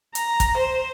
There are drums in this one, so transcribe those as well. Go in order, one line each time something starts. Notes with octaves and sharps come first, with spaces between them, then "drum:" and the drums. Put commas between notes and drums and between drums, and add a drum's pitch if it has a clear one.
A#5, drum: hi-hat
drum: kick, hi-hat
C5